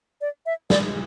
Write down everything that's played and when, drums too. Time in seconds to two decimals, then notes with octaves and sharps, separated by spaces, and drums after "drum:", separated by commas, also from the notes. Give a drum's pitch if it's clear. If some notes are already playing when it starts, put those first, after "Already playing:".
0.21 D5
0.46 E5
0.70 D5, drum: snare